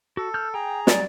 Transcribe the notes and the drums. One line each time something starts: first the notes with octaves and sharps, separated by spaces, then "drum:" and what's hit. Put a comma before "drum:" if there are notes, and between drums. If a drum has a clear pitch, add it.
F#4 A4
E6 F6 G6
G#4 G5 A#5
F#3 G3 D5, drum: snare